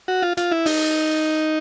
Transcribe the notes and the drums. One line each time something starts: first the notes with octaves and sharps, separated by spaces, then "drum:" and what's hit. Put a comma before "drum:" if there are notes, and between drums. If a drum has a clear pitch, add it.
F#4
F4
F4, drum: hi-hat
E4
D#4, drum: open hi-hat